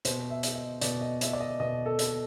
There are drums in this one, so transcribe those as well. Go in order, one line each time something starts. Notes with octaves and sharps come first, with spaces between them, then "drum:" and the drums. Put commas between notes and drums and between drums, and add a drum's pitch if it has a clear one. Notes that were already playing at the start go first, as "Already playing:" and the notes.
B2 C5, drum: hi-hat
E5
drum: hi-hat
D#5
B2 D5, drum: hi-hat
D#5
E5, drum: hi-hat
D5
D#5
B2 D#5
A4
drum: hi-hat